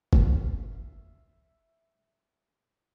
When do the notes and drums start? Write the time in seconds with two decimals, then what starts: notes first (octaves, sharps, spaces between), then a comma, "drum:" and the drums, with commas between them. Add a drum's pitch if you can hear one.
0.13 F4 B4 C5 E5 F6, drum: kick